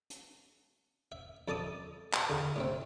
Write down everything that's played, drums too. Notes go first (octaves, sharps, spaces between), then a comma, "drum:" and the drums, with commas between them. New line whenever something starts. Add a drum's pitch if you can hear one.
drum: hi-hat
E5
F2 A4 D5 A5 D#6
drum: clap
D3 G#4 F5
A2 C3 C4